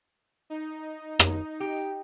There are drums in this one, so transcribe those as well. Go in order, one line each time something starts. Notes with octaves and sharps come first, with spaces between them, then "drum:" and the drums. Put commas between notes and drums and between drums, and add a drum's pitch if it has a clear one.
D#4
drum: rim click
G4